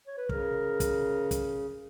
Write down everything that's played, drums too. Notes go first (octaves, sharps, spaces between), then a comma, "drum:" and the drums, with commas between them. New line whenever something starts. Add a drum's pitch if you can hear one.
C#5
B4
C#3 A#4, drum: kick
drum: kick, hi-hat
drum: kick, hi-hat